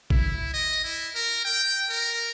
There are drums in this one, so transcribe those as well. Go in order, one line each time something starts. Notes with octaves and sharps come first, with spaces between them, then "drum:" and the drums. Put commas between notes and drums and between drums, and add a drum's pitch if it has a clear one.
E4, drum: kick G#1
D#5
drum: tambourine
E4
A#4
G5
A#4